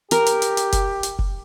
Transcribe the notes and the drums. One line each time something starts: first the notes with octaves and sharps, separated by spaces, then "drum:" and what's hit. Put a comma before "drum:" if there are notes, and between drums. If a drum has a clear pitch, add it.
G4 A#4, drum: hi-hat
drum: hi-hat
drum: hi-hat
drum: hi-hat
drum: kick F1, hi-hat
drum: hi-hat
drum: kick F1